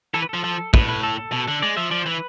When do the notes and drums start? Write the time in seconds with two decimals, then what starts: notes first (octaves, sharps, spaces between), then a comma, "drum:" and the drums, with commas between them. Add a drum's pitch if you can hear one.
0.14 E3 A4
0.22 B4
0.29 F3 A4
0.44 F3
0.74 A2 B4, drum: kick
0.89 B4
1.03 A4
1.18 A4
1.32 B2
1.48 D3
1.62 G#3 D5
1.77 F3 E5
1.91 F3 D5
2.02 C5
2.06 E3 B4